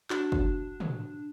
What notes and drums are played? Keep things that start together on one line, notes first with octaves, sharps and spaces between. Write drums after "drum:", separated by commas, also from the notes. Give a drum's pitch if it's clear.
D4 F#4, drum: clap
drum: kick
drum: tom